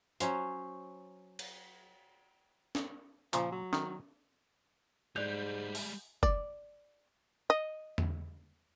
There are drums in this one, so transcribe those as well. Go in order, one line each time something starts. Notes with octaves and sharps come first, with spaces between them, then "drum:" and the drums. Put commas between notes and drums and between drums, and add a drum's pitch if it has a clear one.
F#3 C#4 C5, drum: hi-hat
drum: cymbal
drum: snare
A#2 C#3 F3, drum: hi-hat
F#3
D#3, drum: snare
G#2 G3 G#3 D5 F#6 G6 F7
drum: open hi-hat
D5, drum: kick
D#5
drum: tom E2